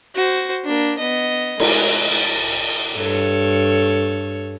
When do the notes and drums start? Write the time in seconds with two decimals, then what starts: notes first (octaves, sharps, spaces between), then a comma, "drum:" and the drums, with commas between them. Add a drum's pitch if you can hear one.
0.16 F#4 C5
0.65 A#3 D4
0.99 B3 D#5
1.60 G#3, drum: cymbal
2.97 G2 A4 C#5